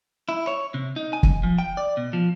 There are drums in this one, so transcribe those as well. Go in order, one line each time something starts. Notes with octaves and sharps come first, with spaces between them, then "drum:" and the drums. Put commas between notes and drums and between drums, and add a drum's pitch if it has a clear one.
E4
C#5
C3
D#4
G#5
drum: kick
F3
G5
D5
B2
F3